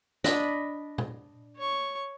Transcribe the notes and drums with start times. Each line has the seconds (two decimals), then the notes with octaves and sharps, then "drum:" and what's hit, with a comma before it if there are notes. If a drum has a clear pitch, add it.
0.24 D4 D#5 B5, drum: snare
0.98 drum: tom A#2
1.56 C#5 C#6